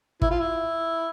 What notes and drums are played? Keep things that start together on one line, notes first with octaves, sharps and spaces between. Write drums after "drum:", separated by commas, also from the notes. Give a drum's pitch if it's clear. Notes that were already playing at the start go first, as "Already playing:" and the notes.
E4, drum: kick
F4
E4